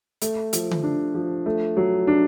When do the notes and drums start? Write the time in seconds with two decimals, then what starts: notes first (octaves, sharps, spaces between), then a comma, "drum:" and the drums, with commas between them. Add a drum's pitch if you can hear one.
0.22 A3, drum: hi-hat
0.53 F3, drum: hi-hat
0.71 drum: tom D3
0.83 D4
1.14 F3
1.46 A3
1.77 F#3
2.07 D4